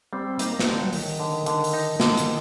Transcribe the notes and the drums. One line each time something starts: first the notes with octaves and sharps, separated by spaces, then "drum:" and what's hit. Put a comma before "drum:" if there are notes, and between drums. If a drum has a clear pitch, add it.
G3 C4
A#3 D#4, drum: hi-hat
A#3
A3, drum: snare
D3 G3
F#3
D#3 D#4, drum: open hi-hat
D3
D3, drum: hi-hat
drum: open hi-hat
D#4
D3 D#3, drum: snare
drum: hi-hat